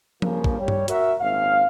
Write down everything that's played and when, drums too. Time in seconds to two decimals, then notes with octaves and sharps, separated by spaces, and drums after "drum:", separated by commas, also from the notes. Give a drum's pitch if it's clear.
0.22 G2 C#3 F3 A#3, drum: tom F3
0.44 drum: kick
0.59 G3 C#5
0.68 drum: tom G2
0.88 F#4 A#4 E5, drum: hi-hat
1.21 G#1 F#2 A#2 F5